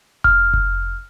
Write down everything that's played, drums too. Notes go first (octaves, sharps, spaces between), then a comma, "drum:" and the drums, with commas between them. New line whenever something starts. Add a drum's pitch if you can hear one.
F6, drum: kick F1
drum: kick F1